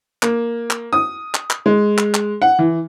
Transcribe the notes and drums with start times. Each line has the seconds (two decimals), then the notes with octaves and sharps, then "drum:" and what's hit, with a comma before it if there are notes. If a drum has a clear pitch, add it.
0.23 A#3, drum: clap
0.70 drum: clap
0.93 D#6
1.34 drum: clap
1.50 drum: clap
1.66 G#3
1.98 drum: clap
2.14 drum: clap
2.42 F#5
2.59 E3